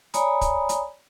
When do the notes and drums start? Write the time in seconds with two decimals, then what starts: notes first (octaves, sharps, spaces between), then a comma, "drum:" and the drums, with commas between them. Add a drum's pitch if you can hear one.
0.14 C#5 D5 G#5 A#5 B5 D#6, drum: hi-hat
0.41 drum: kick, hi-hat
0.69 drum: hi-hat